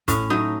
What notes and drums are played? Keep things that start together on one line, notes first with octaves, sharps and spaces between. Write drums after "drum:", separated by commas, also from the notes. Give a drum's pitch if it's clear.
A2 C#4, drum: kick, hi-hat
F#3 A3 D#4